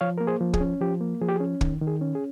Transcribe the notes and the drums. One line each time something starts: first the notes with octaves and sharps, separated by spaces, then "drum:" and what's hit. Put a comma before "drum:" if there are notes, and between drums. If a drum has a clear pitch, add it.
F3 C#5 F5
A#3 A#4
G#4 C5
F3
G#4, drum: kick
C#4
F3 G4
A#3
F3 G#4
G4
G#4
C#4
D#3, drum: kick
D#3
G#4
C#4
G#4